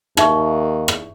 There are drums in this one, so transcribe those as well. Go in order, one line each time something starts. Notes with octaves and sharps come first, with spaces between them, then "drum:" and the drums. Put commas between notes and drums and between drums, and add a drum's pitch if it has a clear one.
D#2 D#4 E5 C#6, drum: rim click
drum: rim click